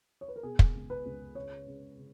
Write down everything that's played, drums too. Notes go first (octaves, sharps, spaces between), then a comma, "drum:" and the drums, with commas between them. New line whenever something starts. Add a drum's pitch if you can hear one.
C#5
B4
A#4
B2 G#4
drum: kick
C#2
B4
C#2
C#3 C#5
C#3
C#3